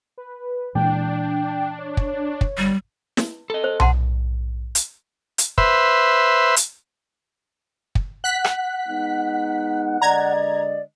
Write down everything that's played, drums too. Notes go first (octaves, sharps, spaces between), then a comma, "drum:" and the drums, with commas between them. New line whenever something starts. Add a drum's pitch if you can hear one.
B4
A#2 E3 G#3 D4 G5
C#5
drum: kick
drum: kick
G1 G3
drum: snare
A4 D#5
C5
F#5 A5 C6, drum: tom B1
drum: hi-hat
drum: hi-hat
B4 C5 E5, drum: kick
drum: hi-hat
drum: kick
F#5 F#6 B6
drum: rim click
G#3 B3 D#4
D3 G#3 D5 D#5 A#5 G#6